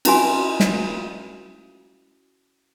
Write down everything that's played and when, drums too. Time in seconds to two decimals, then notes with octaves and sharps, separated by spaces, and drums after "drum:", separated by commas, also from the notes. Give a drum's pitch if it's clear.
0.05 C#4 E4 F#4 G#5, drum: cymbal
0.60 drum: snare